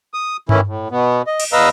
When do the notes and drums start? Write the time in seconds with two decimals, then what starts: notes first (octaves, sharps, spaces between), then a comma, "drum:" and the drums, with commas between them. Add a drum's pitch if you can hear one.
0.14 D#6
0.49 A2 D#3 E3 C#4 E4, drum: tom G2
0.67 A2
0.91 B2 B3
1.27 D#5
1.40 drum: cymbal
1.53 E2 B4 D#5 F5 A#5 E6